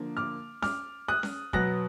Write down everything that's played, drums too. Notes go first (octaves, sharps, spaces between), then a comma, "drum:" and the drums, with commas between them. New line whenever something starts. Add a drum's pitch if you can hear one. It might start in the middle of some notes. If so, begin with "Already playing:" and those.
Already playing: D3 F3 A#3
D6 F6
D6 F6, drum: snare C#4
D#6 F#6
drum: snare C#4
B2 F#3 B3 F#6 A#6, drum: kick